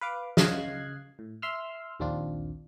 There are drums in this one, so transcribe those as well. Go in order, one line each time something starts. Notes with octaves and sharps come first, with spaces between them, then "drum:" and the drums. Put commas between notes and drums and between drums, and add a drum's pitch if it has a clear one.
B4 F5 D6
C#3 D#5 F5 F#6 G#6 C7, drum: snare
A2
E5 C6 E6 F6
A#1 D#2 C4 D4 F4